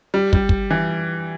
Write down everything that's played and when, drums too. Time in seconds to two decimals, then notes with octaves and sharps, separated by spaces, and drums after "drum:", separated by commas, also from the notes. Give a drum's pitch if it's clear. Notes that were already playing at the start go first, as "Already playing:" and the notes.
0.14 G3
0.33 G3, drum: kick
0.49 drum: kick
0.71 E3